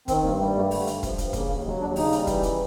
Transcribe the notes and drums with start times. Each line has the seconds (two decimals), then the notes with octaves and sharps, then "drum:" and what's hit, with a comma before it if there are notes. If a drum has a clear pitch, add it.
0.08 D#3 C4, drum: kick, hi-hat
0.24 G2 A#3
0.39 G3 A3
0.55 G2 A3
0.71 D3 A3, drum: open hi-hat
0.87 G2, drum: hi-hat
1.03 F3, drum: kick, hi-hat
1.18 G2, drum: hi-hat
1.33 C#3 A#3, drum: kick, hi-hat
1.49 D#2
1.65 F#3 G#3
1.80 D#2 D4
1.96 C#3 D#4, drum: open hi-hat
2.12 G3, drum: hi-hat
2.27 E3, drum: kick, hi-hat
2.43 drum: hi-hat